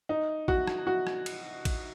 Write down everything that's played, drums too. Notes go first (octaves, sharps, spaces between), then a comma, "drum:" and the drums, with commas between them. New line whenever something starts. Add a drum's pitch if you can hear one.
D#4
F#4, drum: kick A1
drum: rim click
F#4
drum: rim click
drum: cymbal
drum: kick A1, cymbal